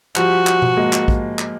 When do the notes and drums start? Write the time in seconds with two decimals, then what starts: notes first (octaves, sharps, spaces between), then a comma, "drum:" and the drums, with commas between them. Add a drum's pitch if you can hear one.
0.16 F3 G3 F#4, drum: clap
0.47 drum: clap
0.62 drum: tom B2
0.77 G#3 A#3
0.93 drum: clap
1.08 drum: kick
1.39 drum: clap